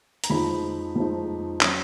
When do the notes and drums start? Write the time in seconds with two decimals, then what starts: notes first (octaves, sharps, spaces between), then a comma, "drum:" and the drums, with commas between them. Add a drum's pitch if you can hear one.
0.24 A#5, drum: hi-hat
0.30 F2 F3 G#3 D#4 B5
0.96 F2 F3 G#3 D#4
1.61 F#3 C#4, drum: clap